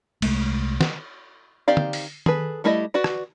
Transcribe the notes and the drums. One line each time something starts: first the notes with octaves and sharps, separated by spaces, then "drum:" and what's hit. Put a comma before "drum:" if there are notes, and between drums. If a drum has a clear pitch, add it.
C2 G#3 A3, drum: cymbal
drum: snare
D#3 C4 G4 D5 F5
drum: tom
drum: open hi-hat
G#4 A4 B4, drum: tom D#3
G3 A3 E4 D5 D#5
F#4 B4 D5
drum: rim click